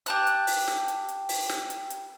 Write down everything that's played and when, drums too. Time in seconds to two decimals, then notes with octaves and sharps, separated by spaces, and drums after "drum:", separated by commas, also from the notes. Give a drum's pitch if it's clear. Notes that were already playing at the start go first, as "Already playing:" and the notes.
0.06 G4 A5 F#6, drum: hi-hat
0.27 drum: hi-hat
0.47 drum: open hi-hat
0.68 drum: snare
0.88 drum: hi-hat
1.09 drum: hi-hat
1.29 drum: open hi-hat
1.49 drum: snare
1.70 drum: hi-hat
1.90 drum: hi-hat